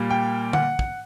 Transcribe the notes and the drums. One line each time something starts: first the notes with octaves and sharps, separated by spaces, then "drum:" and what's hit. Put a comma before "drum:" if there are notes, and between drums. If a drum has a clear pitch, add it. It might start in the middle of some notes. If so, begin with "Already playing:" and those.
Already playing: A#2 G3 A#3
G5
F#5, drum: tom D3
drum: kick